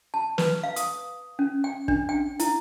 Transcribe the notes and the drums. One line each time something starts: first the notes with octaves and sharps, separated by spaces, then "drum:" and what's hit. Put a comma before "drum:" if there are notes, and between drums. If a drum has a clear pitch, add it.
A5
B4, drum: snare
F5
D#6, drum: hi-hat
C#4
G5
D4, drum: kick
G5
E4, drum: hi-hat